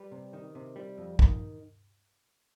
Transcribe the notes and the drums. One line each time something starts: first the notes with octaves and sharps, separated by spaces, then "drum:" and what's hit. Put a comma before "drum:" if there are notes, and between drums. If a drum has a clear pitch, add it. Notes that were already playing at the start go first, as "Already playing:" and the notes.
Already playing: G3 G4 B4
C3
D#3
C3
G3
F2
D#3, drum: kick